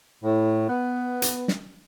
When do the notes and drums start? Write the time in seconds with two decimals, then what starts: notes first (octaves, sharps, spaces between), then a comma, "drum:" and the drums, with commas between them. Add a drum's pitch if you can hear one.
0.24 A2
0.68 B3
1.22 drum: hi-hat
1.48 drum: snare